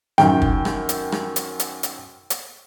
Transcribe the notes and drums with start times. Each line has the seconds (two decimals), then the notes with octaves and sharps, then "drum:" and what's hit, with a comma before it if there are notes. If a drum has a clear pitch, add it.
0.18 F#2 D#3 G5, drum: rim click
0.42 drum: kick
0.65 drum: rim click
0.89 drum: hi-hat
1.12 drum: rim click
1.36 drum: hi-hat
1.59 drum: hi-hat
1.83 drum: hi-hat
2.30 drum: hi-hat